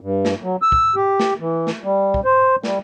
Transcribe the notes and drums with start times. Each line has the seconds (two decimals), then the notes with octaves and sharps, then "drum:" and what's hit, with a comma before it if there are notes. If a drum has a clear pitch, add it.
0.01 G2
0.25 drum: snare
0.43 F#3
0.62 E6
0.72 drum: kick
0.96 G4
1.20 drum: snare
1.40 E3
1.67 drum: snare
1.84 G3
2.14 drum: kick
2.25 C5
2.63 G3, drum: snare